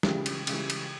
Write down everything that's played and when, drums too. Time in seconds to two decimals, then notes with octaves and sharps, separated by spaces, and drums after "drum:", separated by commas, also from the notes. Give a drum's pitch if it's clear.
0.03 C#2 C#3 E3 G3 G4, drum: snare
0.26 drum: cymbal
0.47 C#2 C#3 E3 G3, drum: cymbal
0.70 drum: cymbal